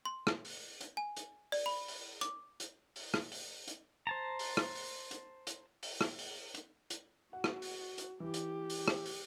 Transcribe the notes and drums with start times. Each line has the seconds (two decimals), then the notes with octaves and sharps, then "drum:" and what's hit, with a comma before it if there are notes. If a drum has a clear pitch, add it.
0.05 C6
0.27 drum: rim click
0.45 drum: open hi-hat
0.81 drum: hi-hat
0.97 G#5
1.16 drum: hi-hat
1.52 D5, drum: open hi-hat
1.66 B5
1.88 drum: open hi-hat
2.21 D6, drum: hi-hat
2.60 drum: hi-hat
2.96 drum: open hi-hat
3.14 drum: rim click
3.32 drum: open hi-hat
3.68 drum: hi-hat
4.07 C5 A5 A#5
4.39 drum: open hi-hat
4.57 drum: rim click
4.75 drum: open hi-hat
5.11 drum: hi-hat
5.47 drum: hi-hat
5.83 drum: open hi-hat
6.01 drum: rim click
6.19 drum: open hi-hat
6.54 drum: hi-hat
6.90 drum: hi-hat
7.33 F#4 F#5
7.44 drum: rim click
7.62 drum: open hi-hat
7.98 drum: hi-hat
8.20 E3 G4
8.34 drum: hi-hat
8.70 drum: open hi-hat
8.88 drum: rim click
9.06 drum: open hi-hat